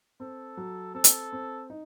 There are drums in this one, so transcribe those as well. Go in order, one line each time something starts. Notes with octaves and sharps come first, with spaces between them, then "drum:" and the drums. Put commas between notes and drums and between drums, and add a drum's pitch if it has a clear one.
C4 A4
F#3
C4 A4
drum: hi-hat
C4
D#4